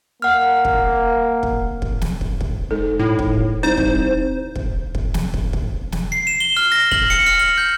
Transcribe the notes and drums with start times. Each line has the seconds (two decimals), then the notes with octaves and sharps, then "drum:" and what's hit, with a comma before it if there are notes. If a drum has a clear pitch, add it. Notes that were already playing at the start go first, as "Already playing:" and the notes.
0.22 A#3 F#5 F6
0.65 drum: kick
1.43 drum: kick
1.82 drum: kick
2.02 drum: snare
2.21 drum: kick
2.41 drum: kick
2.71 G#2 A4
2.99 A2
3.19 drum: kick
3.63 C2 D#4 C5
3.77 drum: kick
4.56 drum: kick
4.95 drum: kick
5.14 drum: snare
5.34 drum: kick
5.53 drum: kick
5.92 drum: snare
6.12 C7
6.27 E7
6.40 G7
6.57 F6
6.72 A#6
6.91 F#7, drum: kick
7.10 C#7
7.26 F6
7.39 F#7
7.58 G6